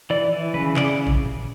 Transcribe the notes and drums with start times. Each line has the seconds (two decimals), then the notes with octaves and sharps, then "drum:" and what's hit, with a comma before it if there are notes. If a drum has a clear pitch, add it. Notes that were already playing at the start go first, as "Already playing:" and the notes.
0.10 E3 D5
0.33 E3
0.54 C#3 B4, drum: tom D3
0.77 C#3 D5, drum: clap
1.07 drum: kick
1.25 drum: tom A2